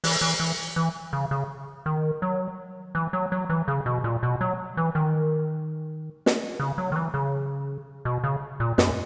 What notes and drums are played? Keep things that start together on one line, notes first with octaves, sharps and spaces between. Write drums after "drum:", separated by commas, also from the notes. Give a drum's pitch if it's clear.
E3, drum: open hi-hat
E3
E3
E3
C#3
C#3
D#3
F#3
E3
F#3
F#3
E3
C#3
B2
A#2
B2
F#3
E3
D#3
drum: snare
C#3
F#3
D#3
E3
C#3
B2
C#3
A#2
F#2, drum: snare